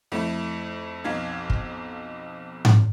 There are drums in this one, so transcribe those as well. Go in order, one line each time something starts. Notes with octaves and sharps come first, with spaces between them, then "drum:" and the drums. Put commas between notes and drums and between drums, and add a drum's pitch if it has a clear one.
F2 A3 E4
B1 F2 D#4 F5 G#6
drum: kick
drum: tom G#2